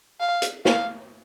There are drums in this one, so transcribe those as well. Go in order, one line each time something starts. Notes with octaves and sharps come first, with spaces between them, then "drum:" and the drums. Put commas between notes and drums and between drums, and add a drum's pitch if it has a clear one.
F5
drum: hi-hat
F5, drum: snare